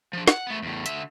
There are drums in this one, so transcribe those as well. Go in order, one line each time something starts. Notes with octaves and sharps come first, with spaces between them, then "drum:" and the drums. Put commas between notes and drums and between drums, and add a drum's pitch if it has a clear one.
F3 D4
F#5, drum: snare
A3 B3
E2 A2
D3 E5, drum: hi-hat